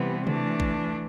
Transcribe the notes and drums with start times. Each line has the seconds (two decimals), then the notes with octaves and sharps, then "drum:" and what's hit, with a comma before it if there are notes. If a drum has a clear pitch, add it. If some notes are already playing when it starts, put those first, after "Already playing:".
Already playing: C3 E3 G3 B3
0.27 E3 A3 D4, drum: tom C3
0.60 drum: kick